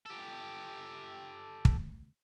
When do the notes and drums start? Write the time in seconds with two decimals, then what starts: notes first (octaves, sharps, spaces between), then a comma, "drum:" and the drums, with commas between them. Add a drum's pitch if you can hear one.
0.06 G4 A4
1.65 drum: kick